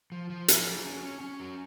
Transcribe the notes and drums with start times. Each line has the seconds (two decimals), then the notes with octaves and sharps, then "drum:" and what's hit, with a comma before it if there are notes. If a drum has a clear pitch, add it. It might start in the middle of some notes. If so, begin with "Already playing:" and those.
0.12 F3
0.30 F3
0.48 G#4, drum: hi-hat
0.66 F#3
0.84 C#4
1.03 C#4
1.21 C#4
1.40 F#3